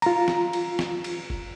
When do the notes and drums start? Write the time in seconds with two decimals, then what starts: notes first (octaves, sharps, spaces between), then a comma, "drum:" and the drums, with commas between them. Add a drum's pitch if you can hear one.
0.02 F4 A#5, drum: cymbal
0.28 drum: snare
0.53 drum: cymbal
0.79 drum: snare
1.04 drum: cymbal
1.30 drum: kick